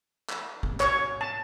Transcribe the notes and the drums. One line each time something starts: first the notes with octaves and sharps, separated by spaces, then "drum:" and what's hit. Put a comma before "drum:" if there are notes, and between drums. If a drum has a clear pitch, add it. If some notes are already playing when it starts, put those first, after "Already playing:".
drum: clap
drum: kick
C#5, drum: clap
A5